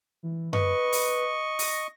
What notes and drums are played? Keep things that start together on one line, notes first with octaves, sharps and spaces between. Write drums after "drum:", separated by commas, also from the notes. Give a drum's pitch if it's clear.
E3
B4 D#5 C#6, drum: tom F#2
drum: open hi-hat
A#6, drum: open hi-hat